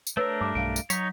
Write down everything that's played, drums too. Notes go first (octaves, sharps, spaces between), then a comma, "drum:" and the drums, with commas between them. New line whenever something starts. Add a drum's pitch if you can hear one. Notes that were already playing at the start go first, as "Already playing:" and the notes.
drum: tambourine
A3 D4 A#4 B4 C#5 E6
G2 D6
B1 G2 F5 D7
drum: tambourine
F#3 D#4 C#5 B6, drum: tambourine